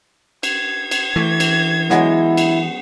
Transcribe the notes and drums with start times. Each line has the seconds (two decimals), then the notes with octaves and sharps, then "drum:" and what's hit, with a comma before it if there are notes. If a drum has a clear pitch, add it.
0.43 G#6, drum: cymbal
0.91 drum: cymbal
1.16 E3 A3
1.40 drum: cymbal
1.90 F#3 G#3 B3 E4, drum: snare
2.37 drum: cymbal